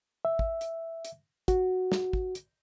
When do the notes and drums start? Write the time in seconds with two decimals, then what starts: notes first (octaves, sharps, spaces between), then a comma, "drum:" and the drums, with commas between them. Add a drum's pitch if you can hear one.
0.25 E5
0.39 drum: kick
0.61 drum: hi-hat
1.05 drum: hi-hat
1.48 F#4, drum: kick, hi-hat
1.92 drum: snare
2.13 drum: kick
2.35 drum: hi-hat